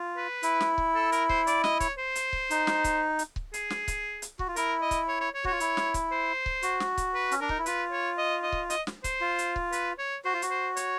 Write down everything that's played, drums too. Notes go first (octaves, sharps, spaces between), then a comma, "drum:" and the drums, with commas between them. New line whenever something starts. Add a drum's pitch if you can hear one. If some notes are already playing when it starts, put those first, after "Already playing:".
Already playing: F4
B4
E4, drum: hi-hat
drum: snare
drum: kick C#1
A4
A#4, drum: hi-hat
C5, drum: kick C#1
D5, drum: hi-hat
D#5, drum: snare
C#5, drum: kick C#1, hi-hat
C5
drum: hi-hat
drum: kick C#1
D#4, drum: hi-hat
drum: snare
drum: kick C#1, hi-hat
drum: hi-hat
drum: kick C#1
G#4, drum: hi-hat
drum: snare
drum: kick C#1, hi-hat
drum: hi-hat
F#4, drum: kick C#1
F4
E4 A#4, drum: hi-hat
D#5
drum: kick C#1, hi-hat
C#5
C#5
C#5
F#4, drum: kick C#1
F4 C#5
E4, drum: hi-hat
drum: snare
drum: kick C#1, hi-hat
C5
drum: kick C#1
F#4, drum: hi-hat
drum: snare
drum: kick C#1, hi-hat
B4
C#4, drum: hi-hat
D4 A#4
D#4, drum: kick C#1
E4
F4 B4, drum: hi-hat
C#5
D#5
D#5
drum: kick C#1
D#5, drum: hi-hat
drum: snare
C5, drum: kick C#1, hi-hat
F4
drum: hi-hat
drum: kick C#1
B4, drum: hi-hat
C#5
F#4 C5
F4
F#4, drum: hi-hat
C5
C#5, drum: hi-hat